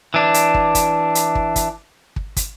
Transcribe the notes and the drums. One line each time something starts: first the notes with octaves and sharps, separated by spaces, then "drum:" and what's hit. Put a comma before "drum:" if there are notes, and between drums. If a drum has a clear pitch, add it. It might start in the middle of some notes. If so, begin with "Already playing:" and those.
E3 D4
drum: hi-hat
drum: kick
drum: kick, hi-hat
drum: hi-hat
drum: kick
drum: kick, hi-hat
drum: kick
drum: kick, hi-hat